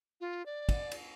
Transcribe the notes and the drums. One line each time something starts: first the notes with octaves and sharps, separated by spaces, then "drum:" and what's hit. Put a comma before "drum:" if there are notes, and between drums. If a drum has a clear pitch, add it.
F4
D5
drum: kick, cymbal
drum: cymbal